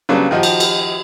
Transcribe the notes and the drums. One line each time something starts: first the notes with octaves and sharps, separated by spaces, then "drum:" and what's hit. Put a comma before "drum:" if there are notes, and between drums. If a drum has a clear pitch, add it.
C#3 F#3 G3 A#3 B3 D4
D#3 F3 D#4 F#4 G4
drum: cymbal
drum: cymbal